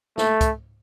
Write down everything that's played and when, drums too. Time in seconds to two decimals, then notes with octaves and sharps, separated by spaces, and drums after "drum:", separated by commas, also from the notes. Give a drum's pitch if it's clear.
0.18 A3, drum: snare
0.41 drum: kick, hi-hat